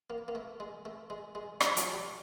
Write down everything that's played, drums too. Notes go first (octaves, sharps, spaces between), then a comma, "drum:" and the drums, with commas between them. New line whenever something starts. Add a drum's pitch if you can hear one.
A#3
A#3
A3
G#3
A3
G#3
G#3
G3, drum: rim click
F#3, drum: hi-hat
G3